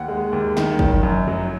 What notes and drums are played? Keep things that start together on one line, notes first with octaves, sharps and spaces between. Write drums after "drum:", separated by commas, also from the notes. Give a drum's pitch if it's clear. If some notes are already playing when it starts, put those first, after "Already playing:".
Already playing: D#2 F#5
G#3
D#2
D#3, drum: snare
F#1, drum: kick
F#2
F#3